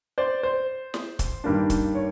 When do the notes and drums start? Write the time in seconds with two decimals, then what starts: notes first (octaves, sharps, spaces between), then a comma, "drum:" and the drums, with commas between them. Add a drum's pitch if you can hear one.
0.18 C5 D5
0.43 C5
0.94 drum: snare
1.19 drum: kick, hi-hat
1.44 G2 D#3 G3 A#3 D4
1.70 drum: kick, hi-hat
1.95 C#5